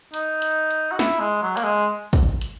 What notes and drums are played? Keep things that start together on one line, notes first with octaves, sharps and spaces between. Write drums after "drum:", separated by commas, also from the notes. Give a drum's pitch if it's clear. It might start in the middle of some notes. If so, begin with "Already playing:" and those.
D#4, drum: hi-hat
drum: hi-hat
drum: hi-hat
F#4
E4, drum: snare
G#3
F#3
A#3, drum: hi-hat
G#3
drum: kick, hi-hat
drum: hi-hat